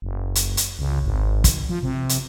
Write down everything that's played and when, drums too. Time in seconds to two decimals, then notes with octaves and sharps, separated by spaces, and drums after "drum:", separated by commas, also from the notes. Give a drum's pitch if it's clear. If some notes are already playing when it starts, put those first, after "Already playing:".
0.02 F#1
0.35 drum: hi-hat
0.57 drum: hi-hat
0.79 C#2
1.04 G#1
1.44 drum: kick, hi-hat
1.69 F3
1.83 C3
2.09 drum: hi-hat